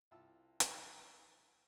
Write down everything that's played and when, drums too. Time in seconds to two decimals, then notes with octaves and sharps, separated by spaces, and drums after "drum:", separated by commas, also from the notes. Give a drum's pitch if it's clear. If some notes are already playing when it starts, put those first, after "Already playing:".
0.11 C2 E4 F4 A5 E6
0.60 drum: hi-hat